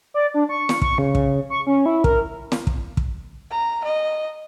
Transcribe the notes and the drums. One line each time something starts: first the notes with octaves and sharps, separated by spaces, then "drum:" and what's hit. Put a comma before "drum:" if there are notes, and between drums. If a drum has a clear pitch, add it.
D5
D4
C#6
drum: snare
C#6, drum: kick
C#3
C#3, drum: kick
C#6
C#4
E4
A#4, drum: kick
drum: snare
drum: kick
drum: kick
A#5
D#5